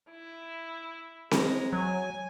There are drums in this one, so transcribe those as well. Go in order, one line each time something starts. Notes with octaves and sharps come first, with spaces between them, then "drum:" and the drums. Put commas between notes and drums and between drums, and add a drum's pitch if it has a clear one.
E4
G#3 A#5, drum: snare C4
F#3 G#5